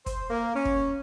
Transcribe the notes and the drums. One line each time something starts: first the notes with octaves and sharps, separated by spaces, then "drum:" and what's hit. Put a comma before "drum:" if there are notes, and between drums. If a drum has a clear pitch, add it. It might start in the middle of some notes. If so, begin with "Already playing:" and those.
C5, drum: kick, hi-hat
A#3
C#4
drum: kick